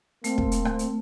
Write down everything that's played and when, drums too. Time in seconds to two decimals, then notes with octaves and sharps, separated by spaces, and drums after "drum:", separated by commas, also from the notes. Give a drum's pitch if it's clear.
0.24 A3 A#3 C4, drum: hi-hat
0.38 drum: kick
0.52 drum: hi-hat
0.65 drum: rim click
0.79 drum: hi-hat